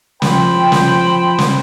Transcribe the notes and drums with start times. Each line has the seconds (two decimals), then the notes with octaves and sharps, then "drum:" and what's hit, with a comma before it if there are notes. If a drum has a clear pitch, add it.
0.22 F3 C5 G5 B5, drum: snare
0.72 drum: snare
1.38 drum: snare